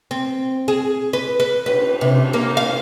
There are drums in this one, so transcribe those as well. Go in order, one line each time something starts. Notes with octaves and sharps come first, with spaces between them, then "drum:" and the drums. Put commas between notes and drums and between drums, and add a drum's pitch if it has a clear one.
C4
G#4
B4
B4
B4, drum: cymbal
C3, drum: cymbal
A#3
F5